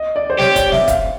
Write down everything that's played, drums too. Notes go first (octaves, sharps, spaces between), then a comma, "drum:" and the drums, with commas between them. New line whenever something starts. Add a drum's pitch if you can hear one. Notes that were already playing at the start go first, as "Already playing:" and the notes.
Already playing: D#5
D5
C5
G4 C#5, drum: snare
D5, drum: kick F1, hi-hat
E5, drum: snare
F5, drum: kick F1, hi-hat